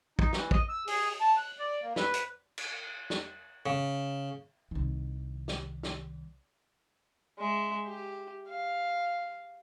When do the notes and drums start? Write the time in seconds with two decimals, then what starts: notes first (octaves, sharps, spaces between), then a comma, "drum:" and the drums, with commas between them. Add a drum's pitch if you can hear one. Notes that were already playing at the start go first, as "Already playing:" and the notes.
0.19 D#4, drum: kick
0.33 E3, drum: snare
0.51 D#5, drum: kick
0.69 E6
0.87 G#4, drum: open hi-hat
1.21 A5
1.37 F#6
1.59 D5
1.82 A#3
1.96 B4, drum: snare
2.14 drum: hi-hat
2.58 drum: cymbal
3.10 drum: snare
3.66 C#3
4.71 C2 D#3
5.48 drum: snare
5.83 drum: snare
7.39 G#3 E5
7.86 G4
8.48 F5